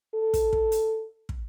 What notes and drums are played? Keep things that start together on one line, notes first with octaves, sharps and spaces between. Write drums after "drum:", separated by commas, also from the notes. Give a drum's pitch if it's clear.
A4
drum: kick, hi-hat
drum: kick
drum: hi-hat
drum: kick